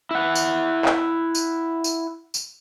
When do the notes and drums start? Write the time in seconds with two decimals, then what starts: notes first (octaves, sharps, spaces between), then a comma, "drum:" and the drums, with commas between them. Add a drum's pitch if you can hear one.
0.11 E4 F#5
0.35 drum: tambourine
0.85 drum: clap
1.35 drum: tambourine
1.84 drum: tambourine
2.34 drum: tambourine